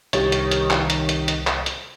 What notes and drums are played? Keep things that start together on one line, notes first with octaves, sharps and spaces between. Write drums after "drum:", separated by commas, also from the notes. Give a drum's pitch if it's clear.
C2 D#3 G4 C#5 A6, drum: hi-hat
drum: hi-hat
drum: hi-hat
drum: clap
drum: hi-hat
drum: hi-hat
drum: hi-hat
drum: clap
drum: hi-hat